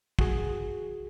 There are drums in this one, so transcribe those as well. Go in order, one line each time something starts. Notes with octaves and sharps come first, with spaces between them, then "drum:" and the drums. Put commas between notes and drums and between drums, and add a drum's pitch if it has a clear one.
F#4 G#4, drum: kick